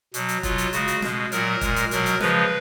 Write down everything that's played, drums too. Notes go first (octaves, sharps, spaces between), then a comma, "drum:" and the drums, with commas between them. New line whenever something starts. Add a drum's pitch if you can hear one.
B2 F#3, drum: hi-hat
drum: hi-hat
B2 F#3 F4, drum: kick, hi-hat
drum: hi-hat
C#3 G#3 F#4, drum: hi-hat
drum: hi-hat
B2 G#3, drum: snare
A#2 F#3 A#4, drum: hi-hat
A#2 G#3, drum: kick, hi-hat
drum: hi-hat
B2 F#3 A#4, drum: hi-hat
drum: hi-hat
C#3 F3 G#3 B4, drum: snare